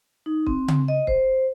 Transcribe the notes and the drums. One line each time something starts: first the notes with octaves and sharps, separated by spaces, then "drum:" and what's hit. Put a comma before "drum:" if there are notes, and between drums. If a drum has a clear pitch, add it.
D#4
C4, drum: kick
drum: tom C#3
D#5
C5, drum: kick